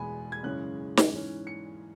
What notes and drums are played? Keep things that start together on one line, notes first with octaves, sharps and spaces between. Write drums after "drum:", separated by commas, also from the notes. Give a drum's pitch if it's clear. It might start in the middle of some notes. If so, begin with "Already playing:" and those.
Already playing: E2 B2 G#3 B3 G#5 B5
G#6
F#2 C#3 E3 G#3 C#4 F#6
drum: snare
G#2 E3 C#4
C#7